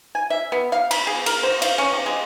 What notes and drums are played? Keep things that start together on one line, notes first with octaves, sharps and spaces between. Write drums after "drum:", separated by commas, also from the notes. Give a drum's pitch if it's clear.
G#5
E5
B3
F5
B5, drum: cymbal
G#4
A#4, drum: cymbal
C5
F5, drum: cymbal
C#4
C3
G#3